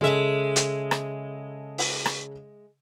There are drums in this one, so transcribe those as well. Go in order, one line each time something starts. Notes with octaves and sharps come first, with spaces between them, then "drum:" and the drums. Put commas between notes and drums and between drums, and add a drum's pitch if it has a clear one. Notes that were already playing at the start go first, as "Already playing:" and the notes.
C#3 G#3 G#4 A4 E5
drum: hi-hat
drum: rim click
drum: open hi-hat
drum: rim click